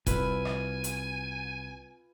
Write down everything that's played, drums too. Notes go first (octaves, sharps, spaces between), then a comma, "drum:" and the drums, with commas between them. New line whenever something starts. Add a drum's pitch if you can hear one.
C2 F4 B4 G#5 E6, drum: kick F1, hi-hat
drum: rim click
drum: hi-hat